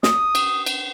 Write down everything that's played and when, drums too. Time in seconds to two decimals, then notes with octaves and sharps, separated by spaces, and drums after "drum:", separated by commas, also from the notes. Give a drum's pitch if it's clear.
0.03 D#6, drum: snare
0.35 drum: cymbal
0.66 drum: cymbal